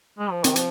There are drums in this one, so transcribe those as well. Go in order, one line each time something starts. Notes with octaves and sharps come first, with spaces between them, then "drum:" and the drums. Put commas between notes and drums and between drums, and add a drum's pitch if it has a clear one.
G#3
F3
D#3 C4, drum: hi-hat
F3, drum: hi-hat